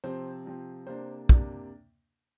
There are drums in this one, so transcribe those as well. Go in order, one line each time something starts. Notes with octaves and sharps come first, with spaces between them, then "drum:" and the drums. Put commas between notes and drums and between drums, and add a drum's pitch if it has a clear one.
C3 F3 C4 C5
C3 F3 C4
C3 A#3 D4 C5
C3 A#3 D4, drum: kick